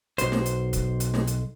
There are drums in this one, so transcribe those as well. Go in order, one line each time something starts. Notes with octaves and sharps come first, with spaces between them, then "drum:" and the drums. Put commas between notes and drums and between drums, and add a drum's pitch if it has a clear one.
B1 C5, drum: hi-hat
drum: snare
drum: hi-hat
drum: kick, hi-hat
drum: hi-hat
drum: snare
drum: hi-hat